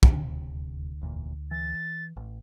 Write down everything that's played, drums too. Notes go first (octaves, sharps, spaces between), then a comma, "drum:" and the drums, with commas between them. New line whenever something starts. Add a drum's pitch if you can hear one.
D#1 D2 C3, drum: kick
F1 E2 A#2
E3 A6
A1